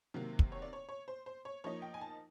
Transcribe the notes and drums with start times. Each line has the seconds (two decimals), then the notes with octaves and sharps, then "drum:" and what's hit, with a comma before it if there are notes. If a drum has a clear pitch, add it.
0.14 C3 D#3 F#3 A#3
0.39 drum: kick
0.52 C#5
0.62 D5
0.73 C#5
0.89 C#5
1.08 C5
1.26 C5
1.45 C#5
1.64 F3 A#3 D#4 C#5
1.82 G5
1.94 G#5
2.01 A5